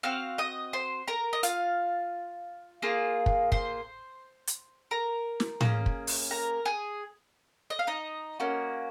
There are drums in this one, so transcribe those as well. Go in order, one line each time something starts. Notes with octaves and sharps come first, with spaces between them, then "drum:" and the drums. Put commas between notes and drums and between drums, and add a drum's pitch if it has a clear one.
C4 F#4 F5 F6
D#5 D#6
C5 C6
A#4 A#5
D#5
F4 F5, drum: hi-hat
A#3 F4 G#4
drum: kick
C5 C6, drum: kick
drum: hi-hat
A#4 A#5
drum: snare
A#3 C#4 G#4, drum: tom A2
drum: kick
drum: open hi-hat
A#4 A#5
G#4 G#5
D#5
F5
D#4 D#5
A#3 C#4 F#4